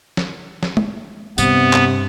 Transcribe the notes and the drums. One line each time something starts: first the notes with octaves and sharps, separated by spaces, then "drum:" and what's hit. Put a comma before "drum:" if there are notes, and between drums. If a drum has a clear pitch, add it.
drum: snare
drum: snare
drum: tom G#3
G2 C3 B3, drum: tambourine
drum: clap